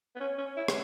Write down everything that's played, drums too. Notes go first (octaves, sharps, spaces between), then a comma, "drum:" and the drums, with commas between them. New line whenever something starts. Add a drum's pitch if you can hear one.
B3
C#4 C#5
C#4
E4
drum: rim click